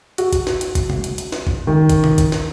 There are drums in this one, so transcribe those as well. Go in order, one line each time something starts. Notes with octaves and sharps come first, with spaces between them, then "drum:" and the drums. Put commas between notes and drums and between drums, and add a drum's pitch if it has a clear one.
F#4, drum: hi-hat
drum: kick G#1, hi-hat
drum: snare
drum: hi-hat
drum: kick G#1, hi-hat
drum: tom
drum: hi-hat
drum: hi-hat
drum: snare
drum: kick G#1
D#3
drum: kick G#1, hi-hat
drum: tom B2
drum: kick G#1, hi-hat
drum: snare